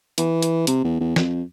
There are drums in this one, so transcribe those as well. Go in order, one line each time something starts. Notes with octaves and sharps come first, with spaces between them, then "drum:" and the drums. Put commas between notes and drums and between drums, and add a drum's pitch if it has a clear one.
E3, drum: hi-hat
drum: hi-hat
C3, drum: hi-hat
E2
E2
F2, drum: snare